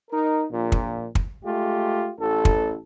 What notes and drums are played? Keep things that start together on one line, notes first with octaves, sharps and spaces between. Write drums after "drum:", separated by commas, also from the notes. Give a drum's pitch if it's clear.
D#4 A#4
A#1 A#2
drum: kick
drum: kick
G#3 A3 F4 G4
A1 A4
drum: kick